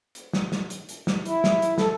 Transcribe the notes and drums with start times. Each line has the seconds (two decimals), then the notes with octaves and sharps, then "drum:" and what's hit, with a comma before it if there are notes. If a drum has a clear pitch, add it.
0.15 drum: hi-hat
0.33 drum: snare
0.52 drum: snare
0.70 drum: hi-hat
0.89 drum: hi-hat
1.07 drum: snare
1.25 E4, drum: hi-hat
1.44 drum: snare
1.62 drum: hi-hat
1.78 A4, drum: snare